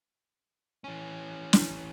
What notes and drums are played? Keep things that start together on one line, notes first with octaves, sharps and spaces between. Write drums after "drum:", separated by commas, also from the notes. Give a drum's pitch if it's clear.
E3 C#4
drum: snare